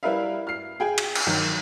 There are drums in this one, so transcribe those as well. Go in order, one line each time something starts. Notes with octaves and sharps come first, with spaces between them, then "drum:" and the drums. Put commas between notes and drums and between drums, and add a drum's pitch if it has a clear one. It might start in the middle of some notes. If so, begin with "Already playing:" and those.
G3 E4 A#4 B4 E5 F5
F6 C7
G#4 G5 G#5
drum: cymbal
drum: cymbal
D#3 F#3